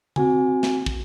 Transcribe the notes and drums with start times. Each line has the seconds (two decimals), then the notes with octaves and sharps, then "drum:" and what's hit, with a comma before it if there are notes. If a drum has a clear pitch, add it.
0.16 C4 F#4 G#5, drum: tom C#3
0.63 drum: snare
0.86 drum: kick